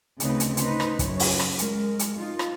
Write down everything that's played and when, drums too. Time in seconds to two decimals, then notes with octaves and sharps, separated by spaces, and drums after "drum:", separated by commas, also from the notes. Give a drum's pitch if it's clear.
0.20 D2 C#3 C4 D#4 B4, drum: hi-hat
0.40 drum: hi-hat
0.57 D#4 B4 C5, drum: hi-hat
0.80 drum: rim click
0.99 F#2 C#3 C#5, drum: kick, hi-hat
1.20 drum: open hi-hat
1.40 drum: rim click
1.58 G#3 A#4, drum: hi-hat
1.99 drum: hi-hat
2.16 D#4 F4
2.39 drum: rim click